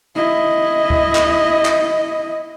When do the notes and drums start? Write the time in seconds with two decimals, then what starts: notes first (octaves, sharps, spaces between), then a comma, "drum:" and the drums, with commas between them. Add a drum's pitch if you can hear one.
0.15 E4 D#5
0.90 drum: kick D2
1.15 drum: clap
1.65 drum: clap